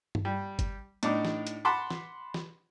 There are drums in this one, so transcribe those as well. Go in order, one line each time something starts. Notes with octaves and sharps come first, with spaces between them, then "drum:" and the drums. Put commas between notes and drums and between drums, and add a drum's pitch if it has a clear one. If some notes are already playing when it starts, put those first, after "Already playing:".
drum: tom G2
G3
drum: kick G#1, hi-hat
A2 D4 D#4 D6, drum: hi-hat
drum: snare
drum: hi-hat
F#5 A5 B5 C6 D6
drum: snare
drum: snare